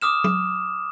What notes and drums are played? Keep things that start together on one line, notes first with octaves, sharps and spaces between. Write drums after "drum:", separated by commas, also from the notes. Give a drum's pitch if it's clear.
D6 D#6 F6 E7
drum: tom F#3